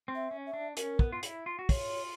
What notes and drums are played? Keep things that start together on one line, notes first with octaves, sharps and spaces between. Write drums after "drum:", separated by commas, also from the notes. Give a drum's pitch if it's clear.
C4
E5
C#4
E5
D4
C#4 A#4, drum: hi-hat
B3, drum: kick
F4
E4, drum: hi-hat
F4
F#4
F4 C#5, drum: kick, open hi-hat